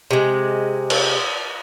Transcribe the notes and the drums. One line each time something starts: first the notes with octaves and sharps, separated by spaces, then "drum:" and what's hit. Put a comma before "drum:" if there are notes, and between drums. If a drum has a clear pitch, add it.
C3 G#3
drum: cymbal